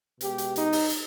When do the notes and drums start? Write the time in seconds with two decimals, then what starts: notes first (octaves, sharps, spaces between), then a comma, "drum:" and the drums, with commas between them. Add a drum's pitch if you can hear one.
0.21 B2 G#3 G4, drum: hi-hat
0.38 drum: hi-hat
0.56 D#4, drum: hi-hat
0.72 drum: open hi-hat
0.90 drum: hi-hat